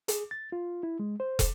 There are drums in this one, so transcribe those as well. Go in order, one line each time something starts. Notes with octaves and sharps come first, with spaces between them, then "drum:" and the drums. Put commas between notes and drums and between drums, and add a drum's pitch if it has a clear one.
G#4, drum: hi-hat
A6
F4
E4
G#3
C5
drum: kick, hi-hat